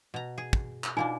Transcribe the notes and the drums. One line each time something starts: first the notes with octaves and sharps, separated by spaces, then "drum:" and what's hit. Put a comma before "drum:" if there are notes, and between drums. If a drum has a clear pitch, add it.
B2 A#5
G#4
drum: kick
drum: clap
B2 A#3 D4 D#4 F4 G#5